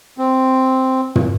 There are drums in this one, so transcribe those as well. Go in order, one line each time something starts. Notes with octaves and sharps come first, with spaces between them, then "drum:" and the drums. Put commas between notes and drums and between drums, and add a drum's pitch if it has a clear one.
C4
drum: tom